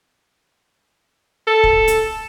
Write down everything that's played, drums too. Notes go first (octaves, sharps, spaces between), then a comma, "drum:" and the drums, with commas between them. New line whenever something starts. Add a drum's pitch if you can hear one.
A4
drum: kick
drum: hi-hat